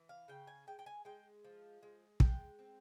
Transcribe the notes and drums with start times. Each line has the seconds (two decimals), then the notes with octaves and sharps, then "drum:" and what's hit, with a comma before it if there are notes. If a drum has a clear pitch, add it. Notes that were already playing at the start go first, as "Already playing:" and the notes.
Already playing: E3
0.09 F5
0.28 C#3 G5
0.47 G#5
0.67 G#3 G5
0.79 G5
0.86 G#5
1.05 G#3 G5
1.44 F3
1.83 G#3
2.20 G#3 G5, drum: kick
2.59 C4